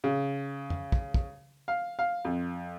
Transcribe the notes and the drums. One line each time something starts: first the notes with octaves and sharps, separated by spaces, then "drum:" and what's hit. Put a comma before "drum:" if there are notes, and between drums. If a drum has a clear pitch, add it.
C#3
drum: tom F2
drum: kick
drum: kick
F5
F5
F2